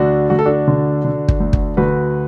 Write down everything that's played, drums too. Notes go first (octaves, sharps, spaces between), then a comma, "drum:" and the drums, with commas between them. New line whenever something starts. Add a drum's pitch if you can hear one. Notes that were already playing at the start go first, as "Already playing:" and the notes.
Already playing: D2 D3 D4 F#4
D2 F#4
A4
D4 F#4
D3
D3
drum: kick
D2
drum: kick
D2 F#4 B4